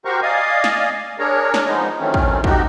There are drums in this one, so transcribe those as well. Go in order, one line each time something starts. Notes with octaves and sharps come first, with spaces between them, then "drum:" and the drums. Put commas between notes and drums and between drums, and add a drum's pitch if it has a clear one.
F#4 G4 A#4 C5 A#5 C#6
D5 D#5 F5 G#5 D#6
drum: snare
D4 G#4 A#4 C#5 A#5
drum: snare
F3 G#3 B3 D#4
D#3 E3 F#3 A3 C4 C#4
drum: kick
A3 D#4 F#4 G4, drum: kick